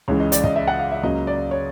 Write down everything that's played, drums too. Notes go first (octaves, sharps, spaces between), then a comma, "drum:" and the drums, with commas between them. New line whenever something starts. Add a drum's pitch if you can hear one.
C#2 C#3 E3 G#3 C#5
D#5
D5, drum: hi-hat
D#5, drum: kick
E5
F#5
F5
E5
C#2 C#3 F#3 A#3 D#5
D5
C#5